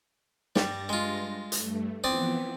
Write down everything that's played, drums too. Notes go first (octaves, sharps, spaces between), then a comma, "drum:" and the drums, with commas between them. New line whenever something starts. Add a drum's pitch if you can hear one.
G2 G3 A6 A#6, drum: snare
G#3 F4
G2 A3, drum: hi-hat
E3 F3 B3 C4 D5 D#6